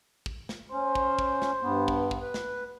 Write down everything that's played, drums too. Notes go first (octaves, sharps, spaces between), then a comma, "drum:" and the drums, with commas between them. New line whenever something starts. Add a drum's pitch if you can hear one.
drum: kick
drum: snare
C#4 C5
drum: kick
drum: kick
drum: snare
G2 B3
drum: kick
drum: kick
B4
drum: snare